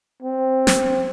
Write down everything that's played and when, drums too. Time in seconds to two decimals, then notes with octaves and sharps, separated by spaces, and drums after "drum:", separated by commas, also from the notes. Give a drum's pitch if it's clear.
0.22 C4
0.67 drum: snare